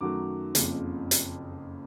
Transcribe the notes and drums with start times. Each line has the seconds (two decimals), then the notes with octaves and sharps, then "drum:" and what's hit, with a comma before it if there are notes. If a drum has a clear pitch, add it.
0.01 F#2 D#3 F#3 A3 D6
0.55 F#1 F2 C#3, drum: hi-hat
1.11 drum: hi-hat